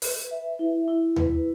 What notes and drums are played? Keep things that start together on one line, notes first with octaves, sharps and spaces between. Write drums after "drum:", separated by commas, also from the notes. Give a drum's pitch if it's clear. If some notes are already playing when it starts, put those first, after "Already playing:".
B4, drum: open hi-hat
E5
E4
E4
B4, drum: tom D#2